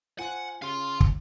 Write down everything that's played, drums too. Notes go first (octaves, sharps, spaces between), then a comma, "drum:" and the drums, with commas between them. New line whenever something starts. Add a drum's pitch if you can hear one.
F4 C5 F#5 G#5
C#3 F5 C6
drum: kick